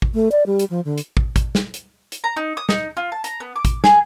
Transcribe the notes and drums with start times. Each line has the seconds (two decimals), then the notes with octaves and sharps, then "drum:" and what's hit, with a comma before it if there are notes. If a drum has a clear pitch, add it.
0.02 drum: kick
0.14 A3
0.32 D5
0.46 G3
0.59 drum: hi-hat
0.70 F3
0.85 D3
0.98 drum: hi-hat
1.17 drum: kick
1.36 drum: kick, hi-hat
1.55 drum: snare
1.74 drum: hi-hat
2.12 drum: hi-hat
2.24 A#5
2.36 D#4
2.57 D#6
2.69 D#4, drum: snare
2.97 F4
3.12 A5
3.24 A#5, drum: hi-hat
3.40 B3
3.56 D6
3.65 drum: kick, hi-hat
3.84 G#4, drum: snare